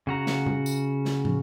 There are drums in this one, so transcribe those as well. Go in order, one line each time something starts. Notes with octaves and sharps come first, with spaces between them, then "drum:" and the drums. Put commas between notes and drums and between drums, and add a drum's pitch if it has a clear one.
C#3 F#4 A#5
drum: snare
drum: tom A#2
drum: tambourine
drum: snare
drum: tom